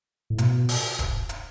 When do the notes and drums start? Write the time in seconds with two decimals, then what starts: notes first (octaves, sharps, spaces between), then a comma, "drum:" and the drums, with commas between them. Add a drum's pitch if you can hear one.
0.30 A2
0.38 B2, drum: hi-hat
0.69 drum: open hi-hat
0.99 drum: kick D#1, hi-hat
1.29 drum: hi-hat